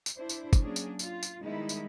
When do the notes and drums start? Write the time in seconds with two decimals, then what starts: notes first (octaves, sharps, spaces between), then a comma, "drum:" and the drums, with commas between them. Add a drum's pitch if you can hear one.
0.06 drum: tambourine
0.17 D4 E4 C5
0.29 drum: tambourine
0.53 drum: kick, tambourine
0.62 F#3 A#3 C#4 D4 G#4
0.76 drum: tambourine
0.99 F4, drum: tambourine
1.23 drum: tambourine
1.41 D#3 G3 G#3 B3 D#4 E4
1.69 drum: tambourine